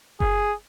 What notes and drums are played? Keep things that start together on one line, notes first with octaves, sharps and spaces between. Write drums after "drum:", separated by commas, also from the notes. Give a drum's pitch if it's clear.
G#4, drum: kick F#1